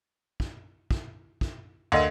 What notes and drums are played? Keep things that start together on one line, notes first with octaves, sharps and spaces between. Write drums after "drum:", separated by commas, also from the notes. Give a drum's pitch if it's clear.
drum: kick
drum: kick
drum: kick
D2 A#4 D#5 F5